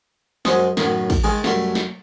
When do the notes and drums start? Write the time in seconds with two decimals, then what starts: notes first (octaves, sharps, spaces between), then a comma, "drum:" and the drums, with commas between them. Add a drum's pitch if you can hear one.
0.45 F#2 G#3 G#4 C5 D#5, drum: snare
0.77 F#2 A2 D#3, drum: snare
1.10 drum: kick, cymbal
1.24 D#3 G#3 G#4 G#5 D6
1.44 F#2 G3 A3 C6, drum: snare
1.75 drum: snare